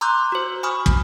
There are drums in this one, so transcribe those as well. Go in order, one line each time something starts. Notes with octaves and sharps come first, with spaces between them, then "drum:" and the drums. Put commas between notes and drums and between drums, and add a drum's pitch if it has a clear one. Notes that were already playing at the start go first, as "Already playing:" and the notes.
A#5 C6 D6 E6 F#6 G6
F#4 C5
G#5 B5 C#6 D#6 F6
drum: kick